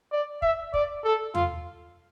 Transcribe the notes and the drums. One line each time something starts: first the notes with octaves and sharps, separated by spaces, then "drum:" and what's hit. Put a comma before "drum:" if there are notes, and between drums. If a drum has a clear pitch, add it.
D5
E5, drum: kick
D5, drum: kick
A4
F4, drum: tom E2